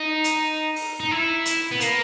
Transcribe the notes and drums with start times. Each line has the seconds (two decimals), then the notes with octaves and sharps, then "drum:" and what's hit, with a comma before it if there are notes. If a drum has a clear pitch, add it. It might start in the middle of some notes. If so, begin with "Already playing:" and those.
Already playing: D#4
0.24 drum: hi-hat
0.76 drum: open hi-hat
1.00 D#4
1.11 E4
1.46 drum: hi-hat
1.72 B3
1.80 A#3, drum: hi-hat